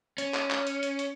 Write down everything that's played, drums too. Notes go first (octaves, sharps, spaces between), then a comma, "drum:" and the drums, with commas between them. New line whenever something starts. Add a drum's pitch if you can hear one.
C#4, drum: hi-hat
drum: clap
drum: clap
drum: hi-hat
drum: hi-hat
drum: hi-hat